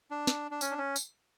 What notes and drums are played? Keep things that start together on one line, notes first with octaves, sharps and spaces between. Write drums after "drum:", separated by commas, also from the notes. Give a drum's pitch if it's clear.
D4
drum: snare
D4
C#4, drum: tambourine
D4
C#4
drum: tambourine